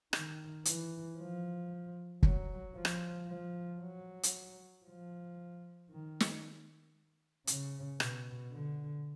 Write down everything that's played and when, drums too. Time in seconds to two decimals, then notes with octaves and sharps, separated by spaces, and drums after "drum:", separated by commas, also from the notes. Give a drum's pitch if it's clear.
0.13 D#3, drum: rim click
0.65 E3, drum: hi-hat
1.17 F3
2.23 F#3, drum: kick
2.75 F3
2.85 drum: rim click
3.28 F3
3.80 F#3
4.23 drum: hi-hat
4.85 F3
5.90 D#3
6.20 drum: snare
7.47 C#3, drum: hi-hat
8.00 B2, drum: rim click
8.52 D3